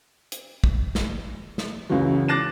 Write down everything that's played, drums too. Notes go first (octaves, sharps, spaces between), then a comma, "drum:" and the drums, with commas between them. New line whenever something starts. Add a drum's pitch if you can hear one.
drum: hi-hat
drum: kick
drum: snare
drum: snare
C#2 F#2 C#3 E3 F#3
D6 F#6 A6 A#6 C7 E7